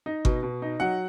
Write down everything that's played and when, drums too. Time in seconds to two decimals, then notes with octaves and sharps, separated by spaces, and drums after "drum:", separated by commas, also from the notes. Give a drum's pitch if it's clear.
0.06 D#4
0.25 B2, drum: kick G1
0.43 B2
0.62 D#4
0.80 F#3 F#5